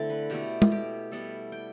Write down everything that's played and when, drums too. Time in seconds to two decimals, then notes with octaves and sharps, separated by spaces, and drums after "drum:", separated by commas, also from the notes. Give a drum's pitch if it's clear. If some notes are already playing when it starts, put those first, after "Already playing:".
Already playing: D3 A3 C4 E4 D5
0.10 B4
0.30 B2 A3 E4 G4
0.62 drum: tom G#3
0.72 G4
1.12 G3 B3 E4 A4
1.52 G5